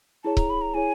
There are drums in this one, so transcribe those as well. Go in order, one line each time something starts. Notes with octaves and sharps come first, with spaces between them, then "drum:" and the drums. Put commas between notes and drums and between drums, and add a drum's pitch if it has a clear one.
E4 G#4 C#5 A5
A#5, drum: kick C#1
B5
A#5
E4 G#4 C#5 G#5